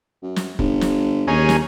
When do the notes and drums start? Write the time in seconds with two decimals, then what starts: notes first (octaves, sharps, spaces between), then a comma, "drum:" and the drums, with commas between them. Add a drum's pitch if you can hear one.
0.23 F#2
0.36 drum: snare
0.59 G1, drum: kick
0.81 drum: snare
1.28 D#2 C#4 D#4 G#4
1.49 drum: snare